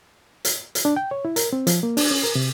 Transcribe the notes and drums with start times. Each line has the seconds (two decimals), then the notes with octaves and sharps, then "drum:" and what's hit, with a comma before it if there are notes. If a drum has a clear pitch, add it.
0.45 drum: hi-hat
0.75 drum: hi-hat
0.85 D4
0.96 G5
1.11 C#5
1.25 E4
1.36 A#4, drum: hi-hat
1.53 C4
1.67 F3, drum: hi-hat
1.83 A#3
1.97 D4, drum: open hi-hat
2.11 C#4
2.24 A#4
2.35 C3